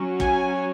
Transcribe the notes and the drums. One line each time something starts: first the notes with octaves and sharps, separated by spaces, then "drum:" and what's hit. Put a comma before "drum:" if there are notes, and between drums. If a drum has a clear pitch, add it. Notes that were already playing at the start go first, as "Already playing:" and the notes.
Already playing: F#3 C#4
G#5, drum: kick